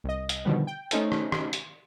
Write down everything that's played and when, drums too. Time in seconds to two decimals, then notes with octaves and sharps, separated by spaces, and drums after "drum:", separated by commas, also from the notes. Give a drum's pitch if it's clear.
0.04 C2 D#5
0.29 drum: hi-hat
0.45 B2 D3 D#3 F3 G3 B3
0.67 G5
0.91 A3 C#4 D#4 A4 C5, drum: hi-hat
1.12 drum: rim click
1.32 drum: rim click
1.53 drum: hi-hat